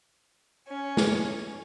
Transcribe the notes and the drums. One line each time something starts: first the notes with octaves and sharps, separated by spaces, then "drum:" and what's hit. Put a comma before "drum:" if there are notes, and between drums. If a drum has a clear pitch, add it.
C#4
drum: snare